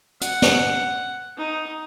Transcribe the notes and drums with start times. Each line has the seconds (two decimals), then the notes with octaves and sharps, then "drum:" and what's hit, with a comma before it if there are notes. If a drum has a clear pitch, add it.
0.21 F#5, drum: hi-hat
0.42 drum: snare
1.37 D#4